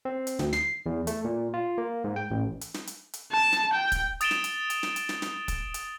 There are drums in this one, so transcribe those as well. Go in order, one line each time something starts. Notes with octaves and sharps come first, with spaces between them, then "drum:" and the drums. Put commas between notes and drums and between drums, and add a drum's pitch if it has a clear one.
C4
drum: hi-hat
D2, drum: snare
C7, drum: snare
E2
A3, drum: hi-hat
A#2
F4
A#3
G#2
G5
A1
drum: hi-hat
drum: snare
drum: hi-hat
drum: hi-hat
A5
drum: snare
G5
drum: kick, hi-hat
D#6 A6 D7 E7 G7, drum: hi-hat
drum: snare
drum: hi-hat
drum: hi-hat
drum: snare
drum: hi-hat
drum: snare
drum: snare
drum: kick, hi-hat
drum: hi-hat